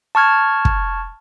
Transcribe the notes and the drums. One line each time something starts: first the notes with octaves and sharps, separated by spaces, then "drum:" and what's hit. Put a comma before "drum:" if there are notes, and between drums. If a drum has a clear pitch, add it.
A5 C#6 F6 G#6
drum: kick